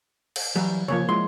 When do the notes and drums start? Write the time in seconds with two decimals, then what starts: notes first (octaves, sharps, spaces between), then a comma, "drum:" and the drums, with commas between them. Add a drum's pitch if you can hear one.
0.36 drum: cymbal
0.56 E3 F#3 G3
0.88 C#3 F3 A#3 C#5
1.09 G#3 E4 C6